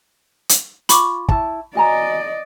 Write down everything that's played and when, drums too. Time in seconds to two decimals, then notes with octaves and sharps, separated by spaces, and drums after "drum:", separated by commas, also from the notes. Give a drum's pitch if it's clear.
0.49 drum: hi-hat
0.89 F4 B5 C#6 D6, drum: hi-hat
1.28 E4 A5, drum: kick
1.75 F#4 D5 D#5 G#5 A#5